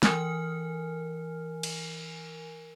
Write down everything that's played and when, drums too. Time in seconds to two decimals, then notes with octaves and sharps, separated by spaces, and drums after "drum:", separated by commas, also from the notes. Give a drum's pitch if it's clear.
0.03 E3 A#4 G#5 F6, drum: snare
1.63 drum: cymbal